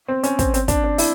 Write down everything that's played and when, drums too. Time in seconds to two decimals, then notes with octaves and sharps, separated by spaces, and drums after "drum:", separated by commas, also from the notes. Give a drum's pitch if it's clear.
0.08 C4
0.23 C#4, drum: hi-hat
0.39 C4, drum: kick, hi-hat
0.54 C4, drum: hi-hat
0.68 D4, drum: kick, hi-hat
0.84 D4
0.98 E4, drum: open hi-hat